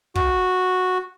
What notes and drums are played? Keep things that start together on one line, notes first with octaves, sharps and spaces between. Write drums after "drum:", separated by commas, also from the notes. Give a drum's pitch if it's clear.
F#4, drum: kick